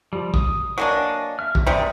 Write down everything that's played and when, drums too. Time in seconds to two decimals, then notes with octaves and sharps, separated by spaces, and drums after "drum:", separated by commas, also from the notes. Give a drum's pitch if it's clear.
0.13 F3 G3
0.34 D#6, drum: kick
0.78 F#3 A#3 D4 D#5 G#5 C#6
1.39 E5 F6
1.55 drum: kick
1.67 C3 G3 G#4 E5 A#5